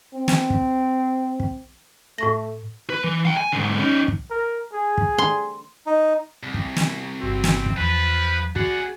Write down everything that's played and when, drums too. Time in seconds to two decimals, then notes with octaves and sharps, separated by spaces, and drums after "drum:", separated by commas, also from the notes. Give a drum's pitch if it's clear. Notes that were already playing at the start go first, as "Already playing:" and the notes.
0.14 C4
0.28 drum: snare
0.50 drum: kick
1.40 drum: kick
2.18 A2 A3 C#6 A#6
2.90 B4
3.04 E3
3.25 F5 G5
3.37 G#5
3.52 G#2 D3
3.79 C#4 D#4
4.08 drum: kick
4.30 A#4
4.73 G#4
4.98 drum: kick
5.18 C6
5.86 D#4
6.43 C2
6.54 drum: kick
6.77 drum: snare
7.21 G1 C4 F#4
7.44 drum: snare
7.66 drum: kick
7.77 E2 F3 B4
8.56 F#4 G#4 D5 F#5, drum: kick